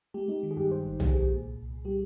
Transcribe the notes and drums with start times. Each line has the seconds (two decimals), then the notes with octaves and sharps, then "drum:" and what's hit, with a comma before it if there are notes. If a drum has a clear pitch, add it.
0.14 G#3 G4
0.28 G#3 D#4
0.43 D#3
0.51 G#4
0.57 G2 G4
0.71 G2 C5
0.85 G#1
1.00 D#3 G#4, drum: tom
1.13 G2 G#4
1.28 A#2 G#4
1.42 C2
1.57 C2
1.71 C2
1.85 G3 G4